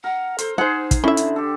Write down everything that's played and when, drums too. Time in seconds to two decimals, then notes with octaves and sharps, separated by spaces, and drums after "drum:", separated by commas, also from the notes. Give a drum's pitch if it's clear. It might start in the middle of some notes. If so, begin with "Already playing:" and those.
0.04 A#4 F#5
0.38 A4 C5, drum: hi-hat
0.58 D#4 G#4 C5 F#5
0.91 drum: kick, hi-hat
1.04 D3 C#4 E4 E5
1.17 drum: hi-hat
1.36 G4 A4